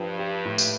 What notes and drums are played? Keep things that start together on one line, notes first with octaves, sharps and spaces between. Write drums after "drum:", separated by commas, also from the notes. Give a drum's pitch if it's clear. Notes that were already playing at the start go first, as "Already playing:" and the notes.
Already playing: G2 F3
G4
A2
drum: tambourine